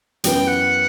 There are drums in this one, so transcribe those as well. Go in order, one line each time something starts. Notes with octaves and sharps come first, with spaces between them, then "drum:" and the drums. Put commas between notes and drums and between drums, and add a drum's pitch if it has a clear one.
F#2 E3 B3 G5, drum: hi-hat
F#5